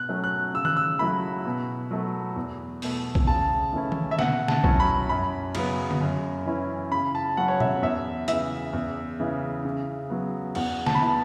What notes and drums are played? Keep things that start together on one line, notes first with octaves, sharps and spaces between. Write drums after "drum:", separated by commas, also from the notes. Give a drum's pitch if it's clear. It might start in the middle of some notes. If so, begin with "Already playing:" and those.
Already playing: B2 F#6
F#3 A3 C#4
F#6
C#3 E6
F#6, drum: tom D#3
E6
F#3 A3 E4 B5
B2
F#3 A3
E2
B2 A3, drum: open hi-hat
drum: kick B1
C#3 A5
E3 A3 C#4 E4
drum: tom D#3
E5
B2 F#5, drum: snare
A5, drum: snare
F#3 C#4 E4, drum: kick B1
B5
F#2 B5
C#3 F#3 B3, drum: cymbal
drum: tom D3
F#2
E3 C#4 E4
C#3 B5
A5
F#3 C#4 F#5
C#5
E5, drum: tom A#2
E2 E5
C#3 E3 E5, drum: hi-hat
E2
C#3 E3
C#3
F#3 B3
E2 F#5, drum: cymbal
A5, drum: snare
B5
E3 B3 A5